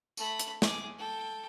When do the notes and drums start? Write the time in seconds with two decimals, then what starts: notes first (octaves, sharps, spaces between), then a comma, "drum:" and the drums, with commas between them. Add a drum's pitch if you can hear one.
0.17 A3 B5, drum: tambourine
0.40 drum: hi-hat
0.62 G#4 D6, drum: snare
0.98 A4 G5